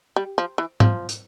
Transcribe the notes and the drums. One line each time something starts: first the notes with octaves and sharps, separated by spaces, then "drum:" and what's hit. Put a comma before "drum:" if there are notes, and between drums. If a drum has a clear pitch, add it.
G3
F3
E3
F3, drum: tom G#2
drum: hi-hat